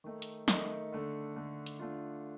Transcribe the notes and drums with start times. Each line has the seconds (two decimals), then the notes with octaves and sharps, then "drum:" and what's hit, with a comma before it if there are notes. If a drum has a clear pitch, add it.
0.04 D#3 A3 D#4
0.22 drum: hi-hat
0.48 D#3 A3 D#4, drum: snare
0.93 D3 A3 D4
1.36 D3 A3 D4
1.66 drum: hi-hat
1.79 D3 A3 D4 F4